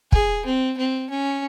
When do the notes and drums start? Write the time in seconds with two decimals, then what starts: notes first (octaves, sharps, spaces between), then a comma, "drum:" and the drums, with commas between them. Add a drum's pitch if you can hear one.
0.12 G#4, drum: kick
0.46 C4
0.77 C4
1.10 C#4